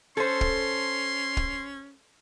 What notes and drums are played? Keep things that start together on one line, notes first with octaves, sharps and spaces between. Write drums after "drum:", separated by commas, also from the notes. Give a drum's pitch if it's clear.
C#4 A4 C5 C6
drum: kick
drum: kick